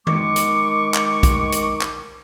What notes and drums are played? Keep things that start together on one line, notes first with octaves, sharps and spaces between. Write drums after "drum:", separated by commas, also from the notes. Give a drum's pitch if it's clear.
D#3 G#3 C#6 D6, drum: tom D#3
drum: hi-hat
drum: clap
drum: kick A#1, hi-hat
drum: hi-hat
drum: clap